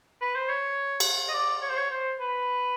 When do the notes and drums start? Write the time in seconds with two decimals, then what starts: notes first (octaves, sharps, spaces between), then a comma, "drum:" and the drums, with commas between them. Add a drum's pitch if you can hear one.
0.21 B4
0.35 C5
0.49 C#5
1.00 drum: cymbal
1.29 D#5
1.34 D5
1.62 C#5
1.70 C5
1.77 C#5
1.91 C5
2.20 B4